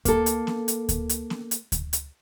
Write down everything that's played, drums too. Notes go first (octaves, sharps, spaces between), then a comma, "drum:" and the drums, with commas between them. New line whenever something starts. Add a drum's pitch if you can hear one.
A#3 A4, drum: kick D2, hi-hat
drum: hi-hat
drum: snare B3
drum: hi-hat
drum: kick D2, hi-hat
drum: hi-hat
drum: snare B3
drum: hi-hat
drum: kick D2, hi-hat
drum: hi-hat